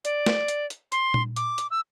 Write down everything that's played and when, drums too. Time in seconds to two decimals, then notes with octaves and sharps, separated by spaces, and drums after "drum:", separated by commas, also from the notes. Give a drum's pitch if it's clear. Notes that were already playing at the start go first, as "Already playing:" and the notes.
0.05 D5, drum: hi-hat
0.26 drum: snare
0.48 drum: hi-hat
0.70 drum: hi-hat
0.92 C6, drum: hi-hat
1.14 drum: tom A#2
1.36 D6, drum: hi-hat
1.58 drum: hi-hat
1.71 E6